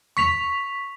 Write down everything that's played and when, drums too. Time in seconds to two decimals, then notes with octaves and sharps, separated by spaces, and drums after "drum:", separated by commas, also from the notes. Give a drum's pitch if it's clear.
0.17 C#6 B6 F7, drum: tom